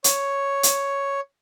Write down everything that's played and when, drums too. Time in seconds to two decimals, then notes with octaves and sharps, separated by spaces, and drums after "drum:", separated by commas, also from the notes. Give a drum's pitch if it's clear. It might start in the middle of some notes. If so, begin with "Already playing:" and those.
0.04 C#5, drum: hi-hat
0.63 drum: hi-hat